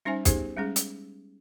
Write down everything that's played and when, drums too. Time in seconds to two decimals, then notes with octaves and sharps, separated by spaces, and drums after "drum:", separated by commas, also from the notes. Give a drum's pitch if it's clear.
0.05 G3 C#4 D#4 C5 E5 G#5
0.25 B3 D#4 G4 G#4 C5, drum: kick, hi-hat
0.56 G3 G#3 C#4 G#4
0.76 drum: hi-hat